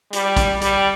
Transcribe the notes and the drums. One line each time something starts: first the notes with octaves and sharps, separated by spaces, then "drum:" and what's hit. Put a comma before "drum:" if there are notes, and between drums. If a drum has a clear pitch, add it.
G3, drum: hi-hat
drum: kick, hi-hat
G3, drum: hi-hat